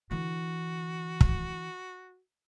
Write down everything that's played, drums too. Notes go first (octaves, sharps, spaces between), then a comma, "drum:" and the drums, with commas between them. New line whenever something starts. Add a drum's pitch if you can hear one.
D3 E3 F#4
drum: kick